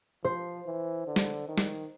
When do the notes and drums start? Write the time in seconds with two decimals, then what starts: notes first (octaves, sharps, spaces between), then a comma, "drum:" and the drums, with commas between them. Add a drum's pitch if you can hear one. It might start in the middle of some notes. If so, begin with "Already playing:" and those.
0.24 F3 C5
0.66 E3
1.07 D3
1.16 drum: snare
1.48 D#3
1.58 drum: snare